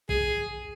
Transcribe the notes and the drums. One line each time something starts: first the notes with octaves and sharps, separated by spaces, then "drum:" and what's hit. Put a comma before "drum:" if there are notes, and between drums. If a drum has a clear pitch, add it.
G#4, drum: kick